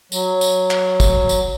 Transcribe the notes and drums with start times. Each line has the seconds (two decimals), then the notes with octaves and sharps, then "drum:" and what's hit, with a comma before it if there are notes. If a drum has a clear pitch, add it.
0.12 F#3, drum: tambourine
0.41 drum: tambourine
0.71 drum: clap
1.00 drum: kick, tambourine
1.29 drum: tambourine